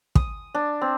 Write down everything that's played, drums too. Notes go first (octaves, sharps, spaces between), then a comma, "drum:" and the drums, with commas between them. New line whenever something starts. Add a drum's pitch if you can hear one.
D#6, drum: kick
D4
C4